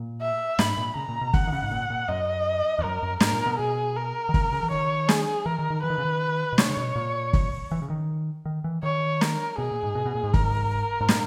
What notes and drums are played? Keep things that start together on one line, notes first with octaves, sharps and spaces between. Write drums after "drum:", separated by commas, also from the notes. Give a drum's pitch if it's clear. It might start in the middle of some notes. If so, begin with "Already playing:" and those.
Already playing: A#2
E5
G#2 B5, drum: snare
A#2
C#3 A#5
A#2
B2
C#3 F#5, drum: kick
D#3
C#3
G#2
A#2
A#2
F#2 D#5
E2
F#2 A#4
F#2
G#2 A#4, drum: snare
A#2
B2
B2 G#4
A#4
D#3
C#3, drum: kick
C#3
E3
D#3 C#5
G#4, drum: snare
E3 A#4
D#3
D#3
E3 B4
D#3
C#3
D#3
B2
C#3 C#5, drum: snare
C#3
B2
A#2
drum: kick
E3
C#3
D#3
D#3
E3
D#3 C#5
A#4, drum: snare
B2 G#4
A#2
G#2
B2
B2
A#2
G#2
A#4, drum: kick
G#2
A#2, drum: snare